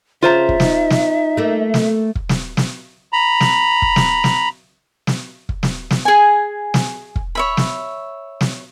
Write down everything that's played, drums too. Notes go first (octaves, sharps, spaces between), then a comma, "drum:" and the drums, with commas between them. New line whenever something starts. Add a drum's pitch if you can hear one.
C#3 F4 C5 E5 A#5
drum: kick
D#4, drum: snare
drum: snare
A3 A#3
drum: snare
drum: kick
drum: snare
drum: snare
A#5 B5
drum: snare
drum: kick
drum: snare
drum: snare
drum: snare
drum: kick
drum: snare
drum: snare
G#4 G#5
drum: snare
drum: kick
C#5 E5 B5
drum: snare
drum: snare